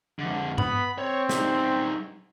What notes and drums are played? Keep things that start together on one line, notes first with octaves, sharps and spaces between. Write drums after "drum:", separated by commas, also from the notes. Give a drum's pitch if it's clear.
F2 D3
B3 B5, drum: tom G2
C4 C#5
G3 D#4, drum: snare